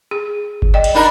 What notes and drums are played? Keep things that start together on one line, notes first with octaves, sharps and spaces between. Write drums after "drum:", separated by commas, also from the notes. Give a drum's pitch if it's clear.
G#4
drum: kick G1
D5 D#5 G5
drum: cymbal
D4 D#4 A#4 B5